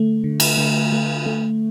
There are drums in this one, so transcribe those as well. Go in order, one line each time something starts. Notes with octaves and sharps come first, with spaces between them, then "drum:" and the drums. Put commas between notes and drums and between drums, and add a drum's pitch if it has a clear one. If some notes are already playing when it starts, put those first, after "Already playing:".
Already playing: D3 A3
D3
drum: cymbal
D3
A3
A3